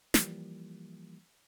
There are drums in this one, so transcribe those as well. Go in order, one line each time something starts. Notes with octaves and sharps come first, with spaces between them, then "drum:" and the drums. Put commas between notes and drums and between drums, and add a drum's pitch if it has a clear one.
E3 F3 G3 A#3, drum: snare